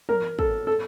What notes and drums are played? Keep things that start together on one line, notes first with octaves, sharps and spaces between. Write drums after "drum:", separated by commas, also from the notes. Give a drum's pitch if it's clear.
A#4, drum: tom
A4, drum: kick
A4